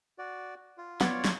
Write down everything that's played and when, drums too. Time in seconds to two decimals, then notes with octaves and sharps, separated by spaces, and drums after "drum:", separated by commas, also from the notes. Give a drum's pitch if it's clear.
0.18 F#4 D5
0.78 F4
1.01 B3 F4 C#5 D5, drum: snare
1.25 drum: snare